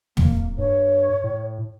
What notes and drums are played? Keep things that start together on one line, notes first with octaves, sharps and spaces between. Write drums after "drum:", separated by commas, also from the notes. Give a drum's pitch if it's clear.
D1 A#3, drum: tom
G2 C#5
A2